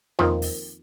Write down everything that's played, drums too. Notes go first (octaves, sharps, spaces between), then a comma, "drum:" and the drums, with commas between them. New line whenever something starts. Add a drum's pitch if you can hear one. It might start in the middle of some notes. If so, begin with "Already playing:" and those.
F2 D#3 F3 A#3 F4, drum: tom E2
drum: open hi-hat